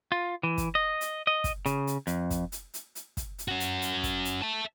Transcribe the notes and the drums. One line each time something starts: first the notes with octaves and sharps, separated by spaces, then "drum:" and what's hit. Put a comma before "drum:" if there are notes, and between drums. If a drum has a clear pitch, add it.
F4
E3
drum: kick, hi-hat
D#5
drum: hi-hat
D#5
drum: kick, hi-hat
C#3, drum: hi-hat
drum: hi-hat
F2, drum: hi-hat
drum: kick, hi-hat
drum: hi-hat
drum: hi-hat
drum: hi-hat
drum: kick, hi-hat
drum: hi-hat
C#4 F#4
drum: hi-hat
drum: hi-hat
drum: kick, hi-hat
drum: hi-hat
E5 A5